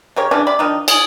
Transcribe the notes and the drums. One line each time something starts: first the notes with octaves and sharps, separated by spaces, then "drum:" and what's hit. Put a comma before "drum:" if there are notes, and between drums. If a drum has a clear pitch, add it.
C#3 G4 A#4 C#5
C#3 E3 C#4 D4
C3 D5 B5
D#3 F3 D4 D#4
G#4, drum: cymbal